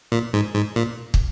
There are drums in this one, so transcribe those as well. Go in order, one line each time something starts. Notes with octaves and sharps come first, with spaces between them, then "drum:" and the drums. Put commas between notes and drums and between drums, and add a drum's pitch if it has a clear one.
A#2
G#2
G#2
A#2
drum: kick